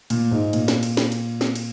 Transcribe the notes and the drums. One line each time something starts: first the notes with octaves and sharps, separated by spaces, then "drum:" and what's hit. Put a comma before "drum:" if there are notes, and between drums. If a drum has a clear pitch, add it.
A#2, drum: cymbal
G#2
A#2, drum: cymbal
drum: snare
drum: cymbal
drum: snare
drum: cymbal
drum: snare
drum: cymbal